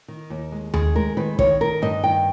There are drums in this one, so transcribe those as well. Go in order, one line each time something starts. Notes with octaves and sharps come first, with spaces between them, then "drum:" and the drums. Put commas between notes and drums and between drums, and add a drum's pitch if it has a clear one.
D#3
D#2
G#3
D#3 G#4, drum: tom D#2
G#3 A#4
D#3 B4
D#3 C#5, drum: kick
G2 A#4
G2 D#5
D#3 G5